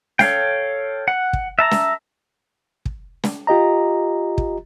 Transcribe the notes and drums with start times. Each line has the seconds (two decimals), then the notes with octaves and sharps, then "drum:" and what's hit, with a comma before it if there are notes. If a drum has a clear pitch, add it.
0.19 A4 C#5 F5 G5, drum: snare
1.08 F#5
1.33 drum: kick
1.59 E5 A5 A#5
1.71 drum: snare
2.85 drum: kick
3.24 drum: snare
3.47 F4 G4 D#5 A#5
4.38 drum: kick